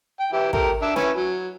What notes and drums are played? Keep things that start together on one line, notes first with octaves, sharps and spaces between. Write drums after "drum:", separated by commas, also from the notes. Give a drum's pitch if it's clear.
G5
E3 E4 G4
A3 G4 A#4, drum: kick
D4 E5
C#4 E4 B4, drum: snare
F#3